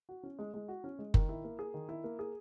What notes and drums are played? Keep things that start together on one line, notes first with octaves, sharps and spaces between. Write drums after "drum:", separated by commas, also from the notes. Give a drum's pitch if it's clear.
F#4
C#4
G#3
G#3
F#4
C#4
G#3
D#3, drum: kick F#1
E4
A#3
G#4
D#3
E4
A#3
G#4